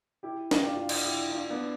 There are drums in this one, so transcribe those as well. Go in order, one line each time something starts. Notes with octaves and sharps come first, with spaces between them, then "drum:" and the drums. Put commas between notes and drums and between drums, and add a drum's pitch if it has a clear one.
E4 G4
F4, drum: snare
G4
D4 F4
D4 F4
drum: cymbal
E4 G4
D4 F4
B3 D4